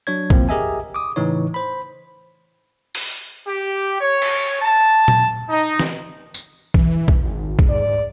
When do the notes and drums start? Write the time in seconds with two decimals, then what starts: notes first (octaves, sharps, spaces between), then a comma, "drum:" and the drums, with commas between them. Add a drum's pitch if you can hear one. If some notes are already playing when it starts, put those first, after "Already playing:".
0.07 F#3 D4 C#5 G#6
0.30 A2 F3 A#3 C4, drum: kick A#1
0.49 G4 G#4 A#4 D#5 E5 G#5
0.94 D6 D#6
1.16 A2 C#3 E3 D#4 C#5
1.54 C5 B5
2.95 drum: open hi-hat
3.47 G4
4.00 C#5
4.22 drum: cymbal
4.62 A5
5.08 drum: tom A#2
5.49 D#4
5.79 drum: snare
6.34 drum: tambourine
6.74 E3, drum: kick A#1
7.08 drum: kick A#1
7.24 G#1
7.59 drum: kick A#1
7.69 G#2 D5